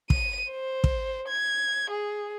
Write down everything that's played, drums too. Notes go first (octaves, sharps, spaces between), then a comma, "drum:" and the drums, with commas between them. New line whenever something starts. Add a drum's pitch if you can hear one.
D#7, drum: kick
C5
drum: kick
G#6
G#4